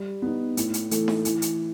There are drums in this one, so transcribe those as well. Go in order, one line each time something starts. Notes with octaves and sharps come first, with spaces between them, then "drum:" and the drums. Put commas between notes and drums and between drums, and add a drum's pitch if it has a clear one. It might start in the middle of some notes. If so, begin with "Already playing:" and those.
Already playing: G3
B3 D#4
A2, drum: hi-hat
drum: hi-hat
E3 A3, drum: hi-hat
drum: snare D#4
E3, drum: hi-hat
drum: hi-hat